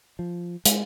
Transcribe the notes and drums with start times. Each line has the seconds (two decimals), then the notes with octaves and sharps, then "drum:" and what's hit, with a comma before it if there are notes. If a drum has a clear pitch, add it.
0.19 F3
0.65 G#3, drum: hi-hat